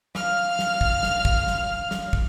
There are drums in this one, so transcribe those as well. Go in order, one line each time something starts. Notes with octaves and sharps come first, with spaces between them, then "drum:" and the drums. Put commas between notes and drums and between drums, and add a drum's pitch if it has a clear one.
F5 F6, drum: snare
drum: snare
drum: kick
drum: snare
drum: kick
drum: snare
drum: snare
drum: kick